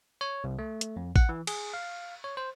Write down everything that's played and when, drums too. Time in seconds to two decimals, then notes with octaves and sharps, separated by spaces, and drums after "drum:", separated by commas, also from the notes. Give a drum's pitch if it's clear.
0.21 C#5
0.44 C2
0.59 A3
0.81 drum: hi-hat
0.96 F2
1.16 F#5, drum: kick A1
1.29 E3
1.47 G#4, drum: cymbal
1.74 F5
2.24 C#5
2.37 C5